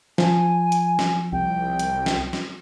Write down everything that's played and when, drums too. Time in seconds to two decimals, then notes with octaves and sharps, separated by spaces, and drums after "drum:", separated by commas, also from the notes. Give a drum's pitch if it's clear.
0.18 F3 G#5, drum: snare
0.72 drum: hi-hat
0.99 drum: snare
1.32 C2 G5
1.79 drum: hi-hat
2.06 drum: snare
2.33 drum: snare